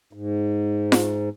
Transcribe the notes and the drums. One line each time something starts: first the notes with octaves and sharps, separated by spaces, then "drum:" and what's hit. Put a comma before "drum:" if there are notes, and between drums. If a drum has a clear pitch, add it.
G#2
drum: snare F4